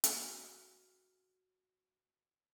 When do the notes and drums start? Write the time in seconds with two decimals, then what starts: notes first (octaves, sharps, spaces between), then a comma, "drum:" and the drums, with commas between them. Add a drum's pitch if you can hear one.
0.04 F#4 F6, drum: hi-hat